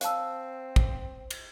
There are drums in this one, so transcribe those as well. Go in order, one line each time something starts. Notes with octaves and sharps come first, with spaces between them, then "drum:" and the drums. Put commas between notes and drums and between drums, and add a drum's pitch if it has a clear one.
C4 C5 F5 A5 E6, drum: hi-hat
drum: kick
drum: cymbal